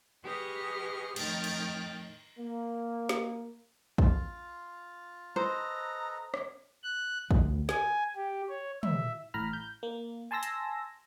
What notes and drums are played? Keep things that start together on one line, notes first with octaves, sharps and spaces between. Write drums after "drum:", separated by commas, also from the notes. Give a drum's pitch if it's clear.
G4 G#4 B4 D#5 C#6 F6
F2 A2 D#3 G5 F6 A6, drum: cymbal
drum: cymbal
A#3
drum: snare
F4, drum: kick
A4 B4 C5 D#5 A#5
drum: rim click
F#6
D2, drum: kick
G#5, drum: snare
G4
C#5
E5, drum: tom
A1 A2 A#5 B5 F6
G6
A#3
G#5 A5 C6 E6 A#6
drum: hi-hat